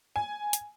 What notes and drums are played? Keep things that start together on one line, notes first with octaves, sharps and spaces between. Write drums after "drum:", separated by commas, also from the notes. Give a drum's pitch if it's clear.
G#5
drum: hi-hat